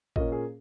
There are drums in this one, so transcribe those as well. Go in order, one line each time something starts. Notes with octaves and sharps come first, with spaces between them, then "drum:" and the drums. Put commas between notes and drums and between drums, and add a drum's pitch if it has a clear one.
A#2 A#3 C#4 D#5, drum: kick
G#4